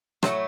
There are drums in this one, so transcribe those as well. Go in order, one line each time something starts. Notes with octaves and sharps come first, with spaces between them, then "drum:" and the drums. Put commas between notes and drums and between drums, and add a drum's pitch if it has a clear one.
A2 F#3 A3 C4, drum: rim click